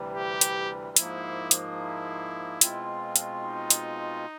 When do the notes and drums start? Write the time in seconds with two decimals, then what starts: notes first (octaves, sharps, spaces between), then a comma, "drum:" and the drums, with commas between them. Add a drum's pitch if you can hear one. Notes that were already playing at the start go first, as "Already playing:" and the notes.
Already playing: D2 C3 E3 G3
0.14 G4
0.41 drum: hi-hat
0.96 G#2 F3 A#3 E4, drum: hi-hat
1.51 drum: hi-hat
1.78 E4
2.61 B2 G#3 C4 F4, drum: hi-hat
3.16 drum: hi-hat
3.43 D#4
3.70 drum: hi-hat